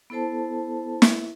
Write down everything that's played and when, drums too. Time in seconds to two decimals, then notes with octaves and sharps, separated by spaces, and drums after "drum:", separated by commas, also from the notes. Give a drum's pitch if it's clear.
0.10 B3 E4 A4 C5 A5
1.02 drum: snare